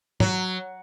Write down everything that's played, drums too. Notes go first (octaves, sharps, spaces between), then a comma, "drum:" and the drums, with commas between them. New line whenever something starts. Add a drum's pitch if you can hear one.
F#3, drum: tom